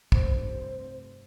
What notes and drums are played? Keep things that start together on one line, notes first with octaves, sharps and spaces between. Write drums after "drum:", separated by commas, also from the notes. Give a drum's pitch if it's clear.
F1 G2 C5, drum: kick